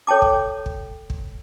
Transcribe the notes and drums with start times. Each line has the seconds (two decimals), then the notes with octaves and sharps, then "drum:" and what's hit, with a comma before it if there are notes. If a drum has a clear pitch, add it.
0.07 A4 C#5 G5 A5 D6
0.22 drum: kick
0.66 drum: kick
1.10 drum: kick